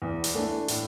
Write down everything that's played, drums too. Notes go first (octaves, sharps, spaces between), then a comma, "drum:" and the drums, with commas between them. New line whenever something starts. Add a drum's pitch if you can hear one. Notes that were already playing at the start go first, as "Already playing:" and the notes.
E2
drum: hi-hat
E3 A3 D4
A2, drum: hi-hat